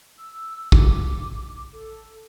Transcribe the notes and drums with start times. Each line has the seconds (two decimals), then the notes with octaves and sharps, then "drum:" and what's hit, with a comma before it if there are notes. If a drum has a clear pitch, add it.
0.18 E6
0.72 D6, drum: kick
1.72 A4